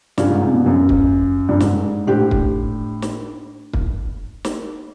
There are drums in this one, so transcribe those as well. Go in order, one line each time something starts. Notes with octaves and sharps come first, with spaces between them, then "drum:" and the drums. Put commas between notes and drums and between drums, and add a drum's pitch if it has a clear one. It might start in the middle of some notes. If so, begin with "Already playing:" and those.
G2 C#4 F4 G#4, drum: snare
G#2
C3
B2
F#2
drum: kick
G2
G#2, drum: snare
A2 D4 G4 C5
drum: kick
drum: snare
drum: kick
drum: snare